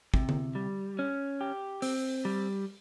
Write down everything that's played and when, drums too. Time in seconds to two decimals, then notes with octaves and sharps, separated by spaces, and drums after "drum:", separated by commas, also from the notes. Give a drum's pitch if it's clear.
0.14 C3, drum: kick
0.29 drum: tom D3
0.55 G3
0.99 C#4
1.41 G4
1.82 C4, drum: open hi-hat
2.25 G3